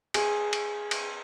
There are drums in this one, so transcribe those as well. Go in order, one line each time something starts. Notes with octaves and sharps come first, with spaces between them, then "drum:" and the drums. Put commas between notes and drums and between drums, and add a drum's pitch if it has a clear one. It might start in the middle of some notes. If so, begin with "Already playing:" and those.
G#4, drum: cymbal
drum: cymbal
drum: cymbal